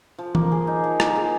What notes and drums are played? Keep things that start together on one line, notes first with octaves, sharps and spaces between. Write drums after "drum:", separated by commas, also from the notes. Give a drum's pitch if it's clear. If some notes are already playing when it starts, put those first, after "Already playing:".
F3
A#3, drum: tom E3
G#4
D#4
F3
A#3, drum: rim click
G#4